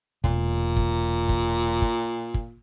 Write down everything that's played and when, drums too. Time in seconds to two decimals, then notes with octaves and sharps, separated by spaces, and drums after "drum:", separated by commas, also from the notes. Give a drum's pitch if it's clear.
0.24 E1 A#2, drum: kick
0.76 drum: kick
1.29 drum: kick
1.82 drum: kick
2.34 drum: kick